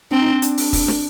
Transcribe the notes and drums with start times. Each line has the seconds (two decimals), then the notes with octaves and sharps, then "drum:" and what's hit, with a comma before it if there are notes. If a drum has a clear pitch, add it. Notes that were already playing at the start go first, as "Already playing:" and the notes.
0.11 C4 D4
0.22 D#4
0.32 D4
0.42 D4, drum: hi-hat
0.58 drum: open hi-hat
0.73 drum: kick, open hi-hat
0.88 drum: snare